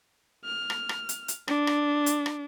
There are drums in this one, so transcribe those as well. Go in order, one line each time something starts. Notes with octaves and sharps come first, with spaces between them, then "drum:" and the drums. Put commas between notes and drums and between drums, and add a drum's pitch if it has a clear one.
F6
drum: rim click
drum: rim click
drum: hi-hat
drum: hi-hat
D4, drum: rim click
drum: rim click
drum: hi-hat
drum: rim click